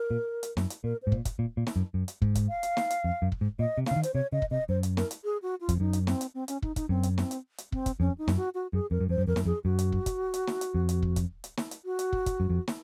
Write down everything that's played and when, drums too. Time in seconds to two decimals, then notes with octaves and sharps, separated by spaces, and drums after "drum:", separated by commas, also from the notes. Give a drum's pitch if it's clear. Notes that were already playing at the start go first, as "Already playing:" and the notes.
Already playing: A#4
0.11 A#2
0.43 drum: hi-hat
0.57 F#2, drum: snare
0.70 drum: hi-hat
0.84 A#2 A#4
1.02 G#2 C5
1.12 A#2, drum: kick
1.25 drum: kick, hi-hat
1.39 A#2
1.57 A#2
1.67 drum: snare
1.76 F#2
1.94 F#2
2.08 drum: hi-hat
2.22 G#2, drum: kick
2.35 drum: kick, hi-hat
2.49 F5
2.63 drum: hi-hat
2.77 drum: snare
2.90 drum: hi-hat
3.04 F2
3.22 F#2
3.32 drum: kick
3.41 G#2
3.59 A#2 D#5
3.78 C3
3.86 C#3 F5, drum: snare
3.96 D#3
4.03 C5, drum: hi-hat
4.14 C3 C#5
4.32 C#3 D#5
4.42 drum: kick
4.51 C3 D#5
4.69 F#2 C5
4.83 drum: hi-hat
4.97 A#4, drum: snare
5.11 drum: hi-hat
5.24 G#4
5.42 F#4
5.61 F4
5.69 F2, drum: kick, hi-hat
5.80 F#2 D#4
5.93 drum: hi-hat
6.07 C4, drum: snare
6.21 drum: hi-hat
6.34 C4
6.48 C#4, drum: hi-hat
6.62 D#4, drum: kick
6.76 D#4, drum: kick, hi-hat
6.89 F#2 C4
7.03 drum: hi-hat
7.18 C4, drum: snare
7.31 drum: hi-hat
7.58 drum: hi-hat
7.72 C4, drum: kick
7.86 drum: kick, hi-hat
8.00 F2 C#4
8.18 D#4
8.28 F#2, drum: snare
8.36 F#4
8.54 F#4
8.73 F#2 G#4
8.91 F2 A#4
9.00 F#2
9.09 F2 C5
9.18 F#2
9.27 F2 A#4
9.36 F#2, drum: snare
9.45 F2 G#4
9.64 F#2 F#4
9.79 drum: hi-hat
9.92 drum: kick
10.06 drum: kick, hi-hat
10.34 drum: hi-hat
10.47 drum: snare
10.61 drum: hi-hat
10.75 F2
10.89 drum: hi-hat
11.02 drum: kick
11.16 drum: kick, hi-hat
11.44 drum: hi-hat
11.57 drum: snare
11.71 drum: hi-hat
11.85 F#4
11.99 drum: hi-hat
12.12 drum: kick
12.26 drum: kick, hi-hat
12.40 F#2
12.50 F2
12.68 drum: snare